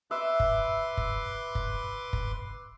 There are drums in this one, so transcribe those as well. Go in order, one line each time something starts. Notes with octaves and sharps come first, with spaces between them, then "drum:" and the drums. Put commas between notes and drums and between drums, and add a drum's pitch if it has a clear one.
B4 E5 C6 D6
drum: kick F#1
drum: kick F#1
drum: kick F#1
drum: kick F#1